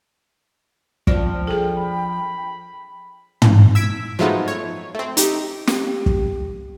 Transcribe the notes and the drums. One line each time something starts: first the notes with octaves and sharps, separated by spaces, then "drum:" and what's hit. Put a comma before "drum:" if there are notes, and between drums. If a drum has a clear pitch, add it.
F3 C4 D4 F4 D5, drum: kick
G#4 A4 G5
B5
drum: tom
E6 G#6 B6 D7
F3 F#3 G#3 A3 B3 D#4
C#5
A3 C4
D#4 G4, drum: hi-hat
G4, drum: snare
drum: kick